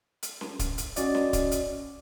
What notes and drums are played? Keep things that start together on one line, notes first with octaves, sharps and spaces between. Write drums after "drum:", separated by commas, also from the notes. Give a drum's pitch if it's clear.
drum: hi-hat
drum: snare C#4
drum: kick, hi-hat
drum: hi-hat
C#4 F#4 D5 D#5, drum: hi-hat
drum: snare C#4
drum: kick, hi-hat
drum: hi-hat